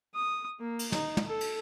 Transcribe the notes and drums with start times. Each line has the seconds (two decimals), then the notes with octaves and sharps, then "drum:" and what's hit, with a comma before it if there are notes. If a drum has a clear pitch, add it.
0.14 D#6
0.60 A#3
0.79 drum: cymbal
0.92 D#4, drum: snare
1.17 drum: tom
1.26 A4
1.41 drum: cymbal